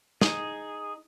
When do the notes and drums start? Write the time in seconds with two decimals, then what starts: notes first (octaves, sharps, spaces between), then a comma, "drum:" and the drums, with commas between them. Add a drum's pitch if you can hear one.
0.21 D#4 G#4, drum: snare